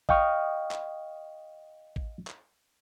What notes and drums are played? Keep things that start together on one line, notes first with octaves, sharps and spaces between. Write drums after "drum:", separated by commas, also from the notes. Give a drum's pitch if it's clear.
D#5 F5 G5 C#6 D#6 F6, drum: kick A1
drum: clap
drum: kick A1
drum: clap